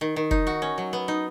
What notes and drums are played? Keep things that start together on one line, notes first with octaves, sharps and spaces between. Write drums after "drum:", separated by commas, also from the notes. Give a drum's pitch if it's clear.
D#3
D#3
D#4, drum: kick F1
F#4
C#4
F#3
B3
D#4